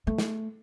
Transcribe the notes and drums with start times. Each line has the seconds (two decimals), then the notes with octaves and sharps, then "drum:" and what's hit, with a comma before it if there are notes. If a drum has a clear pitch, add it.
0.07 A3
0.18 drum: snare